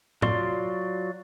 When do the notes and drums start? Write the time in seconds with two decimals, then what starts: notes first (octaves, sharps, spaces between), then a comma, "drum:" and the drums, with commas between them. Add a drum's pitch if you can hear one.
0.22 F#3 F4 F#4 D5 C6, drum: tom A2